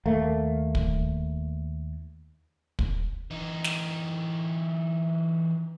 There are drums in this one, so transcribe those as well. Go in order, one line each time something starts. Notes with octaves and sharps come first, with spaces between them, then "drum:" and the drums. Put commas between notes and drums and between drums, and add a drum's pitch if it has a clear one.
D#2 A3 A#3
drum: kick
drum: kick
E3 D#4
drum: snare